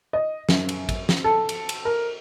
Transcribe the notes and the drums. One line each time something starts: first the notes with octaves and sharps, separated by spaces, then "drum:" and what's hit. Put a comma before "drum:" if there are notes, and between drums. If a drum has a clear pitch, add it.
D#5
F#2, drum: snare
drum: cymbal
drum: kick, cymbal
drum: snare
A4
drum: cymbal
drum: cymbal
A#4